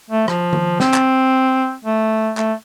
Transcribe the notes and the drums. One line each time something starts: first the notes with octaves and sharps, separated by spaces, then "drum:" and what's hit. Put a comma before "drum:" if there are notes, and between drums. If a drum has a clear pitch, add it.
A3
F3, drum: rim click
drum: tom D#3
C4, drum: snare
drum: clap
A3
A3, drum: clap